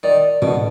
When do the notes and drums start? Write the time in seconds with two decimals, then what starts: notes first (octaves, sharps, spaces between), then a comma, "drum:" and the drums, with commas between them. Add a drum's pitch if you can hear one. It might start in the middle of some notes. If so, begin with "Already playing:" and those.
0.03 D#3 D5
0.42 B2 A4, drum: tom